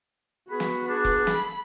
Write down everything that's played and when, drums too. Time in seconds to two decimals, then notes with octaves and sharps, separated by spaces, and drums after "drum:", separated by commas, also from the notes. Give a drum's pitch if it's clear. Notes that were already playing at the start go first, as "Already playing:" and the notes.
0.50 B3 F#4 G#4 B5
0.60 drum: snare
0.88 D4 G#4
1.05 drum: kick E1
1.27 A4 B5, drum: snare